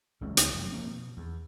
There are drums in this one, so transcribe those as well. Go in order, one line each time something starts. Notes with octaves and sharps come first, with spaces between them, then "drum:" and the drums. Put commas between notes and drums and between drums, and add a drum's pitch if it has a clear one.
F#1 C#2 E3 C#4
C#2 F3, drum: hi-hat
F1 F#2 F3 G3
F1 F3 A#3 C#4
B2
E2